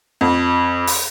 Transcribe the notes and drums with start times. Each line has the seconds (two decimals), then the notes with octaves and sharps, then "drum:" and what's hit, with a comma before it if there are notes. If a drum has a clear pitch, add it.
0.21 F2
0.87 drum: open hi-hat